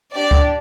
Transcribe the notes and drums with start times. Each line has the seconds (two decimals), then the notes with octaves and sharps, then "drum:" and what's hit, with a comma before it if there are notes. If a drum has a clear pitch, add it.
0.14 D4 G4 D5
0.31 drum: kick